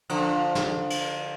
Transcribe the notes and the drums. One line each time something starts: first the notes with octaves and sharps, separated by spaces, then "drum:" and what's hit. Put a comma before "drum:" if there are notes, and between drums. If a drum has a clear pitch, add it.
D3 F3, drum: cymbal
drum: snare
drum: cymbal